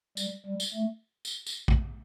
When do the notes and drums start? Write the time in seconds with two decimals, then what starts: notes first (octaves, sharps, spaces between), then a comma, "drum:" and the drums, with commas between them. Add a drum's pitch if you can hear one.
0.17 G3, drum: tambourine
0.46 G3
0.60 drum: tambourine
0.74 A3
1.25 drum: tambourine
1.46 drum: tambourine
1.68 drum: kick